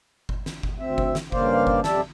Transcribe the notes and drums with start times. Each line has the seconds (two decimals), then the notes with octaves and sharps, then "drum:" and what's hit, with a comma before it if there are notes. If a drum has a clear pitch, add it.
0.29 drum: kick F#1
0.46 drum: snare
0.63 drum: kick F#1
0.79 D2 C4 E5
0.98 drum: kick F#1
1.15 drum: snare
1.32 G2 C#3 A#3 C5 D5 F5, drum: kick F#1
1.67 drum: kick F#1
1.84 F2 G3 D5 E5 A5, drum: snare